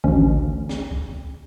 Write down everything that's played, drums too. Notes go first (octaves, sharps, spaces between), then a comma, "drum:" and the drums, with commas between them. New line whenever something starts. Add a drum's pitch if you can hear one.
A1 D2 C#4, drum: kick
drum: snare
drum: kick